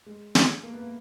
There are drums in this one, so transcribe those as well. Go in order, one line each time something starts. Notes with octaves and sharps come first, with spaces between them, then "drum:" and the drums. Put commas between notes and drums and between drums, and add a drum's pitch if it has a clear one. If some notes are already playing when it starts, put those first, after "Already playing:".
G#3
A3, drum: snare
A#3
B3
A#3